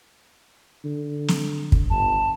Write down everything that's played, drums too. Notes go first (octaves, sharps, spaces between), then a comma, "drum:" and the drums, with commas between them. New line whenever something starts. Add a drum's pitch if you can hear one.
D3
drum: snare
drum: kick
G1 A5